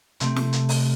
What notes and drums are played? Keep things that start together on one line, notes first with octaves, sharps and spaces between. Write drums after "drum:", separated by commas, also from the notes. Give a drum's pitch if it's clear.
C3 A3 C4, drum: hi-hat
drum: snare
drum: hi-hat
drum: open hi-hat